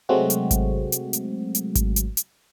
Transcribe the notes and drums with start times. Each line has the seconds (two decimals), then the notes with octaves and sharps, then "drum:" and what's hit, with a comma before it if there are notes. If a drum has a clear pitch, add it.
0.09 C3 F#3 G#3 A3 C4 F#4
0.30 drum: hi-hat
0.51 drum: kick G#1, hi-hat
0.92 drum: hi-hat
1.13 drum: hi-hat
1.55 drum: hi-hat
1.75 drum: kick G#1, hi-hat
1.96 drum: hi-hat
2.17 drum: hi-hat